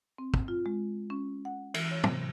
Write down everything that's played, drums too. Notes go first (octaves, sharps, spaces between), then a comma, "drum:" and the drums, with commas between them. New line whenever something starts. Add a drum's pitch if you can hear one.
C4
drum: kick
F4
G#3
C#4
F#5
E3, drum: cymbal
C#5
C3, drum: tom